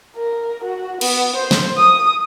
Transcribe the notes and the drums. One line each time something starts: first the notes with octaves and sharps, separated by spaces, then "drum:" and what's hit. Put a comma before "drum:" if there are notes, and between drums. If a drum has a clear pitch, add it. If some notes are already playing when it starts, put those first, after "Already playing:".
A#4
F#4
B3, drum: cymbal
C5
drum: snare
D#6